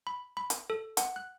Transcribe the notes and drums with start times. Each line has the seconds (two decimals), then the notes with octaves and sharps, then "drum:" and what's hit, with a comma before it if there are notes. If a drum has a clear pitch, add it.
0.07 B5
0.37 B5
0.50 drum: hi-hat
0.70 A4
0.97 F#5, drum: hi-hat
1.16 F#6